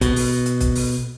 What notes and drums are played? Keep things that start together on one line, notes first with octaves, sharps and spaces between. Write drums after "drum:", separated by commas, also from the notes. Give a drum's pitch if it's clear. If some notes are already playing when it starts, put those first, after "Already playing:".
B2, drum: kick, hi-hat
drum: open hi-hat
drum: hi-hat
drum: kick, hi-hat
drum: open hi-hat